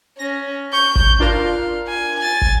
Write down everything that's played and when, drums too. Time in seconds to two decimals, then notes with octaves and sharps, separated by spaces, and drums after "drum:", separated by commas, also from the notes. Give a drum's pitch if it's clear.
0.19 C#4 A#6
0.73 C#6 G6
0.96 drum: kick
1.20 D4 F4 A#4 F5
1.88 G#5
2.21 G#5 A6
2.42 drum: kick